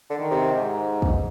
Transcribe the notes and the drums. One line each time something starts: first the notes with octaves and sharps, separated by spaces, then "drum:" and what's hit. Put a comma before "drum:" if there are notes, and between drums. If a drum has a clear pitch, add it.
D3
D#3
C3
G#2
drum: kick